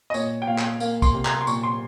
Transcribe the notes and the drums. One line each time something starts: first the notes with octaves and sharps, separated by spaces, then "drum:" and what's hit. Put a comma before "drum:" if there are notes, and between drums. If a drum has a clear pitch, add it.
D#5
A#2 C#5, drum: tambourine
G5
A#2 F5
drum: clap
A#3 F5, drum: tambourine
C6, drum: kick, tambourine
C3
A#5, drum: clap
C6
A#2 C#6, drum: tambourine
C6